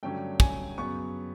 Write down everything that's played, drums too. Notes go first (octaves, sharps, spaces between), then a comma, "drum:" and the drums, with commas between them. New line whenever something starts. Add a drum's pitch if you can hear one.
G2 D3 F#3 A3 C#4 G5
G#5, drum: kick
F#2 C#3 F#3 B3 C#6